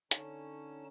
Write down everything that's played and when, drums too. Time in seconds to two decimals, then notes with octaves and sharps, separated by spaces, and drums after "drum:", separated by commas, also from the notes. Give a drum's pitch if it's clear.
0.11 D3 C#4 D#4 A5, drum: hi-hat